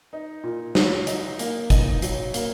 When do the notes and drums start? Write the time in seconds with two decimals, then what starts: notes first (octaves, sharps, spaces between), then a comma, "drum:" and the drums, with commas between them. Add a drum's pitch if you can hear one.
0.13 D#4
0.44 A#2
0.75 F#3, drum: snare
1.07 D#4, drum: hi-hat
1.39 A#3, drum: hi-hat
1.70 D#4, drum: kick, hi-hat
2.02 F#3, drum: hi-hat
2.34 A#3, drum: hi-hat